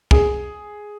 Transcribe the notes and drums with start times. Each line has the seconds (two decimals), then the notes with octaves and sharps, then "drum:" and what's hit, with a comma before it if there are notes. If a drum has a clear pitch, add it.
0.11 G#4, drum: kick